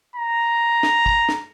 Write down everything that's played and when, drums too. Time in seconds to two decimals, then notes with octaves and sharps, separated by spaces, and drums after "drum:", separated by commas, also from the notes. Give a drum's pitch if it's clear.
0.16 A#5
0.83 drum: snare
1.06 drum: kick
1.29 drum: snare